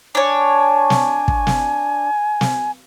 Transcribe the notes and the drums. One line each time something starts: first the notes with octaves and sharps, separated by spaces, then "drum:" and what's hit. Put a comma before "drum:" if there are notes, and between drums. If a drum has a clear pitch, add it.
D4 C#5 G#5
drum: snare
drum: kick
drum: snare
drum: snare